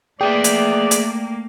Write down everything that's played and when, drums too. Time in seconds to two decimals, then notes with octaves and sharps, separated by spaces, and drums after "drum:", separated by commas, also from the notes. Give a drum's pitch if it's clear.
0.21 A3 A#3 G#4 B4 D5 E5 G5
0.44 drum: hi-hat
0.91 drum: hi-hat